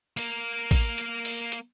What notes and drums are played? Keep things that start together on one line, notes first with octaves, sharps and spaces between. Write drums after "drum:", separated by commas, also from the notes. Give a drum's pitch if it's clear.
A#3 A#4, drum: open hi-hat
drum: kick A1, open hi-hat
drum: hi-hat
drum: open hi-hat
drum: hi-hat